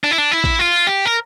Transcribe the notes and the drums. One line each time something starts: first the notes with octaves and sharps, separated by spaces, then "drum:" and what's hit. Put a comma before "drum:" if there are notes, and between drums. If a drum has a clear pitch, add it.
D4
E4
D4
E4
drum: kick
F4
G4
A#4